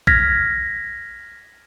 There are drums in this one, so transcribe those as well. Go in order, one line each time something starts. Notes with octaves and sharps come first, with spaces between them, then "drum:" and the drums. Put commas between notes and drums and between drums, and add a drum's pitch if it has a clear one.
F6 G#6 A#6 B6, drum: kick A#1